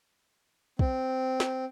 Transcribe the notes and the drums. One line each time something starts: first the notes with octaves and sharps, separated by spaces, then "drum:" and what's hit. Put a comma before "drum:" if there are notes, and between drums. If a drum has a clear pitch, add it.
C4, drum: kick
drum: snare